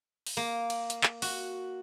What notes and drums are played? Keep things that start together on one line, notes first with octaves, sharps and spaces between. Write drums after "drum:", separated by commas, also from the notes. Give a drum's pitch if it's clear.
drum: open hi-hat
A#3
drum: cymbal
drum: hi-hat
drum: clap
F#4, drum: open hi-hat